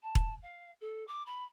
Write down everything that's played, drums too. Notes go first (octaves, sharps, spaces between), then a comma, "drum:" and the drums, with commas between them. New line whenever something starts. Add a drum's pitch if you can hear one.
A5
drum: kick E1
F5
A4
D6
B5